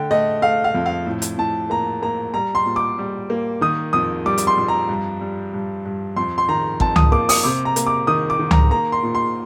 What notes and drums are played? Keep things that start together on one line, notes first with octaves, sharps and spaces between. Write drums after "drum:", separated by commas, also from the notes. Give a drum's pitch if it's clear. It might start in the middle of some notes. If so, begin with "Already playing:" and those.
Already playing: D3 A3 G5
A3 D#5
A3 F5
F5
F2
F5
A2
drum: hi-hat
A2 A5
A#3 A#5
A#3 A#5
G3 A#5
C6
A#2
D6
G3
A#3
D#3 D#6
F2 D#6
G3 D6
drum: hi-hat
C6
F2
A#5
G2
G3
G2
G2
F2 C6
C6
D#3 A#5
F2 A5, drum: kick
D#6, drum: tom C#2
A#3 D6
D#6, drum: open hi-hat
C3 D6
A#5
A#3, drum: hi-hat
D6
D#3 D#6
D6
D#3
A#5, drum: tom C#2
A#3 A#5
C6
A#2
C6